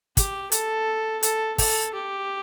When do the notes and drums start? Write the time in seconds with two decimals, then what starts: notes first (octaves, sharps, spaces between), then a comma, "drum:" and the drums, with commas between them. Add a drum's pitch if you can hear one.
0.17 G4, drum: kick, hi-hat
0.52 A4, drum: hi-hat
1.23 A4, drum: hi-hat
1.58 A4, drum: kick, open hi-hat
1.94 G4